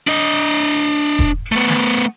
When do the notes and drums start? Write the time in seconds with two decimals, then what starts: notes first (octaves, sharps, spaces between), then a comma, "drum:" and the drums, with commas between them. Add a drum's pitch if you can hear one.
0.07 D4 D#5, drum: hi-hat
1.19 drum: kick E1
1.52 A3 B3
1.70 drum: snare